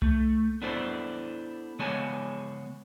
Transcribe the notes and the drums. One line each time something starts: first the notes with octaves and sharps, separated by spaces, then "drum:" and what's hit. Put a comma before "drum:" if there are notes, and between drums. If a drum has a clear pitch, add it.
A3, drum: tom C2
B3 D4 E4 A4 C5
C#3 G#3 B3 C#5 G#5 A5